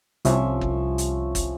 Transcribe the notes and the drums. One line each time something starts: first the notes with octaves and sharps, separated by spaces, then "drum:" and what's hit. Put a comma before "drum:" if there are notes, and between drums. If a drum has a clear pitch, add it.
C2 F3 C#4 E5, drum: hi-hat
drum: kick
drum: hi-hat
drum: kick, hi-hat